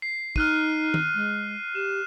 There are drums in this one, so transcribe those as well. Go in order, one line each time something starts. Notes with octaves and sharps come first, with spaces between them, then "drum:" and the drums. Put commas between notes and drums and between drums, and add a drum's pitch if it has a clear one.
C7
D#4 F6 F#6 D#7, drum: kick
drum: tom D#3
G#3
G4 E7